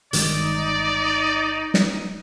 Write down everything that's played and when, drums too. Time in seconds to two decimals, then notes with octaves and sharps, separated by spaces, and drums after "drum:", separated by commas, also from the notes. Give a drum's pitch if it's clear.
0.13 G1 D#3 G#3 D#4 D5, drum: hi-hat
1.74 drum: snare